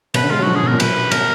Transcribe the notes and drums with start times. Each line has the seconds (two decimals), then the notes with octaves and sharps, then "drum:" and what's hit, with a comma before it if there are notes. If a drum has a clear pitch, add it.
0.14 B2 B4, drum: cymbal
0.23 D3
0.30 G#3 F4
0.39 F#3
0.42 F3 F#4
0.55 D3 G#4
0.63 B2
0.68 A#2 A#4
0.80 B4, drum: cymbal
1.11 B2 A#4, drum: cymbal